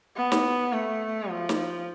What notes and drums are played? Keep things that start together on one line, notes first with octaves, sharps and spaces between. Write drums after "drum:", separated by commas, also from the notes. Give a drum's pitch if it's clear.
B3
drum: snare
A3
F3
drum: snare